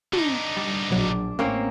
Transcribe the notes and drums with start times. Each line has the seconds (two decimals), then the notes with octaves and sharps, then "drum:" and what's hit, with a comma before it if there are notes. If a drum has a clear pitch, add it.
0.13 D3 D#4, drum: tom
0.57 G3
0.90 A#1 B2 F#3 D4
1.39 A1 A#3 C4 C#4